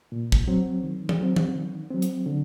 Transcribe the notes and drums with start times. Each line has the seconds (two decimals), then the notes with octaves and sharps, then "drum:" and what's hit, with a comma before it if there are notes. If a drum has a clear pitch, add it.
0.12 A#2
0.32 drum: kick
0.48 F#3 C4
0.83 D#3
1.09 drum: tom E3
1.20 F#3 C4
1.36 drum: tom E3
1.55 D#3
1.90 F#3 C4
2.02 drum: hi-hat
2.26 D3